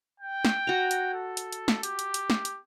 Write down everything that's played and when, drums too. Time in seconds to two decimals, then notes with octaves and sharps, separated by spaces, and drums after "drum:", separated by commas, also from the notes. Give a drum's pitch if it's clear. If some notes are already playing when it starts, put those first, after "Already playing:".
0.20 G5
0.45 drum: snare
0.67 F#4 A#5
0.91 drum: hi-hat
1.14 A4
1.37 drum: hi-hat
1.53 drum: hi-hat
1.68 drum: snare
1.83 G4, drum: hi-hat
1.99 drum: hi-hat
2.14 drum: hi-hat
2.30 drum: snare
2.45 drum: hi-hat